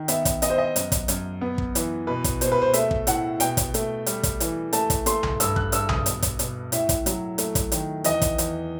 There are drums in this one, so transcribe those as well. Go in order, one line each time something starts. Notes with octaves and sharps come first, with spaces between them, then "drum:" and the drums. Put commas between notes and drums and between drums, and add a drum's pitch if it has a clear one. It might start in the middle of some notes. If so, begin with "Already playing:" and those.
Already playing: D#3
B3 E5, drum: hi-hat
drum: kick, hi-hat
B3 D#5, drum: hi-hat
C5
D#5
F#2, drum: hi-hat
drum: kick, hi-hat
F#2, drum: hi-hat
B3
drum: kick
E3, drum: hi-hat
B2 B4
drum: kick, hi-hat
B2 C5, drum: hi-hat
B4
C5
A3 E5, drum: hi-hat
drum: kick
A2 F#5, drum: hi-hat
B2 G5, drum: hi-hat
drum: kick, hi-hat
A3, drum: hi-hat
G3, drum: hi-hat
drum: kick, hi-hat
E3, drum: hi-hat
A3 A5, drum: hi-hat
drum: kick, hi-hat
A3 C6, drum: hi-hat
drum: tom B1
G2 E6, drum: hi-hat
F#6, drum: kick
G2 E6, drum: hi-hat
D#6, drum: tom B1
B2, drum: hi-hat
drum: kick, hi-hat
B2, drum: hi-hat
A2 E5, drum: hi-hat
drum: kick, hi-hat
F#3, drum: hi-hat
A3, drum: hi-hat
drum: kick, hi-hat
D#3, drum: hi-hat
E2 D#5, drum: hi-hat
drum: kick, hi-hat
E2, drum: hi-hat